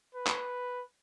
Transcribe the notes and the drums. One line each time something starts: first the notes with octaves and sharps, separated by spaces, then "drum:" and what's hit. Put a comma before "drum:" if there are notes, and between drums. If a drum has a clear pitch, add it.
B4
drum: clap